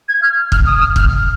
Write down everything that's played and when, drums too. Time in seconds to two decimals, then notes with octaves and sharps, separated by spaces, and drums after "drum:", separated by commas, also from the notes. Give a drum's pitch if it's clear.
0.09 G#6
0.22 F6
0.52 F6, drum: kick
0.66 D#6
0.81 F6
0.96 F6, drum: kick